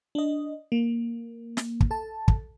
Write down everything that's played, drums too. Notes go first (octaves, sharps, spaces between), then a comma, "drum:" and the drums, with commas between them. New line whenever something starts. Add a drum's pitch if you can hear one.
D4 D#5
A#3
drum: snare
drum: kick
A4 A5
drum: kick